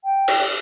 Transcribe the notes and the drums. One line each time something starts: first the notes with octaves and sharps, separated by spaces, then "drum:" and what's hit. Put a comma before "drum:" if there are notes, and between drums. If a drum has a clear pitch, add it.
G5
drum: cymbal